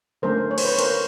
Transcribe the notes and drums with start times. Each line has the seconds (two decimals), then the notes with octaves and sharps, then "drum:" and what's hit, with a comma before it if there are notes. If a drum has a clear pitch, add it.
0.22 D3 F#3 A3 C#4 A#4 C5
0.51 C#5
0.58 C5, drum: cymbal
0.65 B4 C#5
0.79 A#4 C5, drum: hi-hat